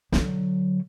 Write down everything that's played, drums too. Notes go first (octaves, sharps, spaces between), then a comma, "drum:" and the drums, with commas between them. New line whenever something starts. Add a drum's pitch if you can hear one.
D3 F#3, drum: snare